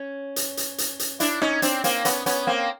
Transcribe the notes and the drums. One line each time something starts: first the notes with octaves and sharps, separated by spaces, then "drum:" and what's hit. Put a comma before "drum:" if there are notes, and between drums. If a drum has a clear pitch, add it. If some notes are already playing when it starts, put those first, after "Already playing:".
Already playing: C#4
drum: hi-hat
drum: hi-hat
drum: hi-hat
drum: hi-hat
D4 E4, drum: hi-hat
C#4 D#4, drum: rim click
C4 D4, drum: hi-hat
A#3 C4, drum: hi-hat
B3 C#4, drum: hi-hat
B3 C#4, drum: hi-hat
A#3 C4